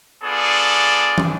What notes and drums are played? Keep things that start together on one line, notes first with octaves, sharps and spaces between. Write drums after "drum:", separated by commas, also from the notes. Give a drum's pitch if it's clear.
B3 D4 F4 G#4 A4 D5
drum: tom